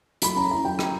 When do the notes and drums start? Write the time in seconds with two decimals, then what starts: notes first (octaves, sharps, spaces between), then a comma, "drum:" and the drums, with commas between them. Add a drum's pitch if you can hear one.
0.22 F#3 B5, drum: hi-hat
0.36 C#4 A#5
0.50 E4 A#5
0.65 F#3 G5
0.79 F#3, drum: rim click